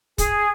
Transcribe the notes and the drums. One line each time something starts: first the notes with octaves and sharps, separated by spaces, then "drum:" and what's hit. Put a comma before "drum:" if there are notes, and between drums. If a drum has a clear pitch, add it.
G#4, drum: kick, hi-hat